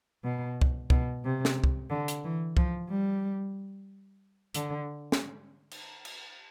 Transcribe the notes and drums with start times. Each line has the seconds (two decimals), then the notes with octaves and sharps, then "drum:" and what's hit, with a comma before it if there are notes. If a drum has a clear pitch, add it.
0.24 B2
0.62 drum: kick C2
0.90 B2, drum: kick C2
1.24 C3
1.45 drum: snare
1.64 drum: kick C2
1.90 D3
2.08 drum: hi-hat
2.24 E3
2.57 F3, drum: kick C2
2.89 G3
4.54 D3, drum: hi-hat
5.12 drum: snare
5.71 drum: cymbal
6.05 drum: cymbal